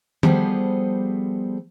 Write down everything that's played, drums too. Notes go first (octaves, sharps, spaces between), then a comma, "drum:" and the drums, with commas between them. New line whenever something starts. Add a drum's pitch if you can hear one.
F3 G3 B3 G#4 A4 C5, drum: tom D#3